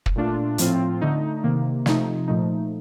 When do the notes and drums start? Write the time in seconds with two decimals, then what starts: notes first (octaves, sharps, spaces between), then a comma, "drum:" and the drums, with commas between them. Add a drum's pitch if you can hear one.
0.06 drum: kick
0.15 A#2 A3 D4 F4
0.58 A2 F3 C4 F4, drum: hi-hat
1.01 D3 A3 D#4
1.44 C3 D#3 A#3
1.86 C3 F3 A3 D#4, drum: snare
2.28 A#2 F3 A3 D#4